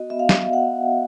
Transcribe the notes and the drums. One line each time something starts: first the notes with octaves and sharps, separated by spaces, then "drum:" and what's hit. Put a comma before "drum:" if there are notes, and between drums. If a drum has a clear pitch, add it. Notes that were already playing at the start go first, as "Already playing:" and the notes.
Already playing: B3 F#4 D#5
B3 E5
F5
B3 E5, drum: snare
B3 F#5